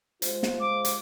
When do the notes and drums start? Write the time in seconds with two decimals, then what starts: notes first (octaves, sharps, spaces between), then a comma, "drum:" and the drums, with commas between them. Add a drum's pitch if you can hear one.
0.22 G#3 F4 C5, drum: hi-hat
0.43 drum: snare
0.60 D6
0.85 drum: hi-hat